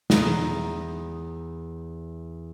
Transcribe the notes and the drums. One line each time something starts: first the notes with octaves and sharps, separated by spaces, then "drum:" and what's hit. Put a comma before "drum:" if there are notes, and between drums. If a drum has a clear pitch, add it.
E2 A#5 D#6, drum: snare